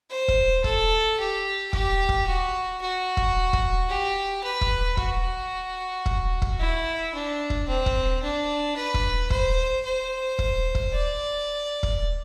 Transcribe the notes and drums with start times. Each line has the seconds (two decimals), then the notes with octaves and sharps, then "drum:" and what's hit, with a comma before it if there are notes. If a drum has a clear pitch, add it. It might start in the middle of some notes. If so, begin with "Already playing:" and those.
0.10 C5
0.28 drum: kick
0.64 A4, drum: kick
1.19 G4
1.73 G4, drum: kick
2.09 drum: kick
2.27 F#4
2.81 F#4
3.17 drum: kick
3.53 drum: kick
3.89 G4
4.43 B4
4.61 drum: kick
4.97 F#4, drum: kick
6.06 drum: kick
6.42 drum: kick
6.59 E4
7.14 D4
7.50 drum: kick
7.68 C4
7.86 drum: kick
8.22 D4
8.76 B4
8.94 drum: kick
9.30 C5, drum: kick
9.85 C5
10.39 drum: kick
10.75 drum: kick
10.93 D5
11.83 drum: kick